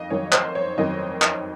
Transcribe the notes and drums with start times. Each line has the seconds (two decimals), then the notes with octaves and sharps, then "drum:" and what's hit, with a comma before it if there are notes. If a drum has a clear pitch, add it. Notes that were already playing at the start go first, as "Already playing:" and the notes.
Already playing: F2 D#3 D#5 F5
0.10 F2 D#3 F#3 C#5
0.32 C5, drum: clap
0.55 C#5
0.78 F2 D#3 F#3 D#5
1.22 drum: clap